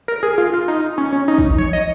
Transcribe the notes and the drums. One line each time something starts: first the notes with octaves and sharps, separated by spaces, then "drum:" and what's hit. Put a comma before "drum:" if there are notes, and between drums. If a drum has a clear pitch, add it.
A#4
G#4
F4, drum: tambourine
F4
D#4
C#4
C#4
D#4
drum: kick
C#5, drum: tom
D#5